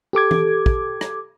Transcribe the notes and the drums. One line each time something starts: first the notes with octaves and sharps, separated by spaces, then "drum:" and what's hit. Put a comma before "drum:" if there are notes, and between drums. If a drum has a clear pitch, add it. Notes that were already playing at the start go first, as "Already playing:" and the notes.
G4 A4 D6 G#6
drum: tom E3
drum: kick
drum: rim click